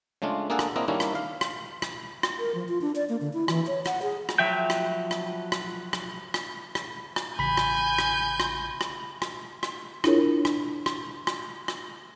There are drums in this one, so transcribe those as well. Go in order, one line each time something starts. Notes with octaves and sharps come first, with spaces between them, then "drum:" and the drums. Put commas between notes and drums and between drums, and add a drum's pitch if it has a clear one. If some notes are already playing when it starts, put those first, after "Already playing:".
C#3 G#3 A3 D4 F4
A#3 D4 G#4 A4 F#5 G#5
drum: rim click
A#3 C4 D4 E4 D#5
D#3 G3 A#3 C#4 D4 E4
drum: rim click
F5
drum: rim click
drum: rim click
drum: rim click
A#4
F3
F4
D4
D5
A#3
D3
E4
E3, drum: rim click
C#5
F#5, drum: rim click
G#4
drum: rim click
F3 F#3 E5 G5 G6
drum: rim click
drum: rim click
drum: rim click
drum: rim click
drum: rim click
drum: rim click
drum: rim click
A1 C#3 G#5 B5 G6 B6
drum: rim click
drum: rim click
drum: rim click
drum: rim click
drum: rim click
drum: rim click
D4 E4 F4 G#4 A#4 C#5, drum: rim click
drum: rim click
drum: rim click
drum: rim click
drum: rim click